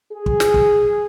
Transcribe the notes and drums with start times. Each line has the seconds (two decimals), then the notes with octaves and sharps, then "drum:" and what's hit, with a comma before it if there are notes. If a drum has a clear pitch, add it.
0.12 G#4
0.26 drum: kick
0.40 drum: snare
0.54 drum: kick